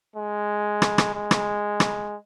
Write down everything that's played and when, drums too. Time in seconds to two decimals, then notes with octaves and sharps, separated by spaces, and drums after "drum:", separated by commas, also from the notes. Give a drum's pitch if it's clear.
0.16 G#3
0.82 drum: rim click
0.98 drum: rim click
1.14 G#3
1.31 drum: rim click
1.80 drum: rim click